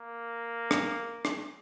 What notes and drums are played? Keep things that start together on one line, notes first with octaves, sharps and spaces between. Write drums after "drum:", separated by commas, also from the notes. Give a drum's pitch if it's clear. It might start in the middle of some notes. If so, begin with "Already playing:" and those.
Already playing: A#3
drum: rim click
drum: rim click